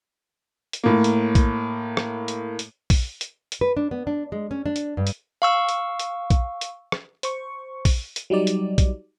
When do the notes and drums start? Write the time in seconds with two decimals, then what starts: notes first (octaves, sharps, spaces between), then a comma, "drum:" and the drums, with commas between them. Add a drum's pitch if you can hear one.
0.73 drum: hi-hat
0.84 A2 A#3
1.04 drum: hi-hat
1.35 drum: kick A#1, hi-hat
1.97 drum: rim click
2.28 drum: hi-hat
2.59 drum: hi-hat
2.90 drum: kick A#1, open hi-hat
3.21 drum: hi-hat
3.52 drum: hi-hat
3.61 B4
3.77 D4
3.91 B3
4.07 D4
4.32 G#3
4.51 C#4
4.66 D4
4.76 drum: hi-hat
4.97 G2
5.07 drum: hi-hat
5.42 F5 C#6 E6
5.69 drum: hi-hat
5.99 drum: hi-hat
6.30 drum: kick A#1, hi-hat
6.61 drum: hi-hat
6.92 drum: rim click
7.23 C5 C#6, drum: hi-hat
7.85 drum: kick A#1, open hi-hat
8.16 drum: hi-hat
8.30 F#3 G3 D#4 D5
8.47 drum: hi-hat
8.78 drum: kick A#1, hi-hat